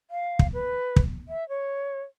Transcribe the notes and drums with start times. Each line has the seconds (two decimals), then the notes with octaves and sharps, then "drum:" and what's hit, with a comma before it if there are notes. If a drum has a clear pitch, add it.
0.11 F5
0.39 drum: kick
0.53 B4
0.96 drum: kick
1.29 E5
1.49 C#5